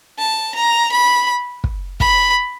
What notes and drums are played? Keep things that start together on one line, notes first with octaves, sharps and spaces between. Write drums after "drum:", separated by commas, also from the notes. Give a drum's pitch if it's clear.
A5
A#5
B5
drum: kick
B5, drum: kick